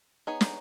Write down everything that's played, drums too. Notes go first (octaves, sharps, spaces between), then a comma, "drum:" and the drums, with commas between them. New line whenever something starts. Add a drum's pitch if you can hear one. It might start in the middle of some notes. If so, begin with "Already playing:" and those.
B3 D#4 G#4 C#5
drum: snare